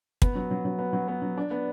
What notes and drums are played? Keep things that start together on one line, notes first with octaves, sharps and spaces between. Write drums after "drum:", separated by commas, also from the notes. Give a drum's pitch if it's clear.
B3, drum: kick
F#3
F#3
F#3
B3
F#3
B3
F#3
D4
B3